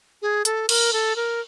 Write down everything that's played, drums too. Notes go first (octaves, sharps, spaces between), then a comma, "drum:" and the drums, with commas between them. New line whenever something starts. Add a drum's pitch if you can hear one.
G#4
A4, drum: hi-hat
A#4, drum: cymbal
A4
A#4